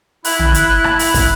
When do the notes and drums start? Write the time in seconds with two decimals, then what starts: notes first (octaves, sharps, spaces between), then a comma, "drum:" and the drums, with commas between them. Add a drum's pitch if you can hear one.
0.25 E4 F#6, drum: open hi-hat
0.39 drum: tom
0.54 drum: hi-hat
0.84 drum: rim click
0.99 drum: open hi-hat
1.14 drum: kick, open hi-hat